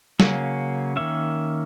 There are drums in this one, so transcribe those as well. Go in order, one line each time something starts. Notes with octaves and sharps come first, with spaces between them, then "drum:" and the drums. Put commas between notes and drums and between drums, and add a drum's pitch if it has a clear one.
C#3 F#3 A#3 C#4, drum: snare
D#3 A#3 C#4 E5